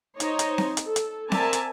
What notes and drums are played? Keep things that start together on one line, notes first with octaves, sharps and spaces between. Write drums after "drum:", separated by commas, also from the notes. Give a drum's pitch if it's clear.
D#4 C5 C#5 D#5, drum: hi-hat
drum: hi-hat
drum: snare C4
drum: hi-hat
A4
drum: hi-hat
C4 A#4 D5 E5 G#5 A5, drum: snare C4
drum: hi-hat